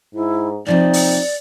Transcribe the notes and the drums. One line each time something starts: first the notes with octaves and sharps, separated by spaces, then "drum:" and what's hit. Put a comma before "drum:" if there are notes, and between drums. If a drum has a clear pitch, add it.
G#2 E4
C3 F3 A#3 C4 D#4 D5
drum: open hi-hat